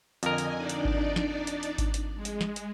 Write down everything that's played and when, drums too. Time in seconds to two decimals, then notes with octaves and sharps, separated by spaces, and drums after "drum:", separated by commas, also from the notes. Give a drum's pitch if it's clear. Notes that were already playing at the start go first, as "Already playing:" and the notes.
0.23 F2 D3 A#4 D#5 G#5, drum: hi-hat
0.38 drum: hi-hat
0.57 D4 D#4 D5
0.69 drum: hi-hat
0.85 drum: kick G#1
1.16 drum: snare
1.47 drum: hi-hat
1.63 drum: hi-hat
1.78 drum: kick G#1, hi-hat
1.94 drum: hi-hat
2.16 G#3
2.25 drum: hi-hat
2.41 drum: snare
2.56 drum: hi-hat